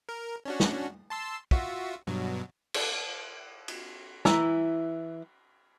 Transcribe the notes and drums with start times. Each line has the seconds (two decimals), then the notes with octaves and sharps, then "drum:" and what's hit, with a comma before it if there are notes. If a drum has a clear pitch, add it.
0.09 A#4
0.45 C#4 D4 F#4
0.60 drum: snare
1.10 A5 C6 E6
1.51 F4 F#4 E5, drum: kick
2.07 G2 B2 F#3
2.74 drum: cymbal
3.68 drum: cymbal
4.25 E3 E4 A#5, drum: snare